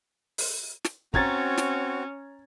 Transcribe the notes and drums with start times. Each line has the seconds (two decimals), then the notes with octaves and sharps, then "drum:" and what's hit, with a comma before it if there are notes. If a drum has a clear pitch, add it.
0.38 drum: open hi-hat
0.84 drum: snare
1.14 C4 C#4 F#4 A#5 G#6 A6, drum: kick
1.58 drum: snare